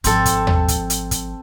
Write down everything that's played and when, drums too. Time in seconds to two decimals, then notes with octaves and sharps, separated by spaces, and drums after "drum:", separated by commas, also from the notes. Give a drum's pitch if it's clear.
0.04 G#1 F3 C4 A4, drum: hi-hat
0.26 drum: kick, hi-hat
0.47 drum: tom D#2
0.68 drum: kick, hi-hat
0.90 drum: hi-hat
1.11 drum: kick, hi-hat